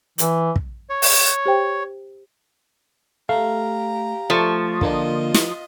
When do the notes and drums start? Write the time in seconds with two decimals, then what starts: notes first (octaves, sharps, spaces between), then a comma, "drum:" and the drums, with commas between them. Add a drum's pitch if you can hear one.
0.18 E3, drum: hi-hat
0.56 drum: kick
0.90 C#5
1.02 drum: open hi-hat
1.46 G4 C5 G5
3.29 A3 G4 F5 A#5
4.30 F3 A3 A5 C#6
4.81 D3 A#3 D4 F4 D#5, drum: kick
5.34 drum: snare